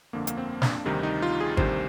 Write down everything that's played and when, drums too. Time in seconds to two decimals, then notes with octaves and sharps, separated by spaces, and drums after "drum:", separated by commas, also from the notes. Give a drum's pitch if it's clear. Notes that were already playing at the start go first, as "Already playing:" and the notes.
0.13 G1 F2 D3 A#3
0.27 A#3, drum: hi-hat
0.38 C4
0.62 D4, drum: snare
0.85 D2 C3 D#3 G3 D#4
1.03 D#4
1.22 F4
1.40 G#4
1.57 D2 C3 D#3 G3 C5, drum: kick G#1